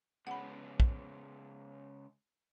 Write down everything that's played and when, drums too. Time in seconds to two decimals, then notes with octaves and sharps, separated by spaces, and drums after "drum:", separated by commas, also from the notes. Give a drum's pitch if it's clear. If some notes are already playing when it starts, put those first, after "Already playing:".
0.27 C#3 G#3 B3 F#5 B5
0.80 drum: kick